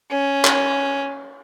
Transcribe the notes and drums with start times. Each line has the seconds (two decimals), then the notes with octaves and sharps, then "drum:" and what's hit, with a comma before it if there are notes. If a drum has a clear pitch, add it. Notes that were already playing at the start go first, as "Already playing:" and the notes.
0.11 C#4
0.45 drum: clap